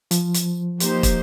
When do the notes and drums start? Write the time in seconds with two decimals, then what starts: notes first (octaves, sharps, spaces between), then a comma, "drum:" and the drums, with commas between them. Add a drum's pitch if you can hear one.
0.11 F3, drum: hi-hat
0.34 drum: hi-hat
0.80 A#3 D#4 G4 C5, drum: hi-hat
1.03 drum: kick, hi-hat